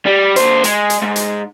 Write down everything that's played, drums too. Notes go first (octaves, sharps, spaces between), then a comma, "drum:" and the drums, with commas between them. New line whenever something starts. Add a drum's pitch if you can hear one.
G3
D#2 C5, drum: hi-hat
G#3, drum: hi-hat
drum: hi-hat
G#2
drum: hi-hat